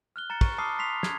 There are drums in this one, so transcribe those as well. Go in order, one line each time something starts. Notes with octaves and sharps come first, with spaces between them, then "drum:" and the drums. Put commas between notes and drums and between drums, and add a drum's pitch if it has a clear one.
F6 F#6 G7
A#5 A6 C#7
C#6, drum: kick, cymbal
A5 B5 D6 D#6 F6 C7
C6 B6 C7 F7
G#6, drum: snare